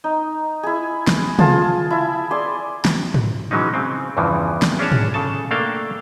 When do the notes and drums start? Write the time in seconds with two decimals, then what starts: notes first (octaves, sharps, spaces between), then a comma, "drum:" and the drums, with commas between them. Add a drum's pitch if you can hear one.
0.04 D#4
0.63 E4 G#4
1.07 drum: snare
1.39 F4 G#4 A5, drum: tom
1.90 E4 E5
2.31 G#4 D5 C6
2.85 drum: snare
3.14 drum: tom
3.51 E3 F#3 G#3 C#4 D#4
3.74 C#3 C4
4.17 E2 G2 C#3 E3 F3
4.62 drum: snare
4.79 C#4 D4 G#4 C#5 A5
4.92 drum: tom
5.14 C#3 A4 A5
5.51 A3 A#3 D4 A4 F5 G5